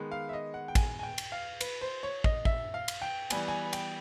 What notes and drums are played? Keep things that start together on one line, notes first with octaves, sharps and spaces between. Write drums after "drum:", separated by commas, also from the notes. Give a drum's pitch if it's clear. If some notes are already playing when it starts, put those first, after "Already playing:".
Already playing: D#3 G#3 B3
F5
E5
D#5
F#5
G5
G#5, drum: kick, cymbal
G#5
G5
drum: cymbal
F5
B4, drum: cymbal
C5
C#5
D#5, drum: kick
E5, drum: kick
F5
drum: cymbal
G5
E3 G3 B3 G#5, drum: cymbal
G#5
G5, drum: cymbal